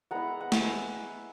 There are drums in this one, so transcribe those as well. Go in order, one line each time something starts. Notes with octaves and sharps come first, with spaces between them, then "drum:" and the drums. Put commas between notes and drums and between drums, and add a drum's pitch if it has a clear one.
G#3 B3 E4 F#5 A#5
F#5
E5 G#5, drum: snare